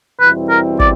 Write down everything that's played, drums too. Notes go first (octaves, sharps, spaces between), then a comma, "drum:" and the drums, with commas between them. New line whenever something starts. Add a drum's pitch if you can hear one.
E2 B2 G3 C4 E4 B4
A#4
D5, drum: kick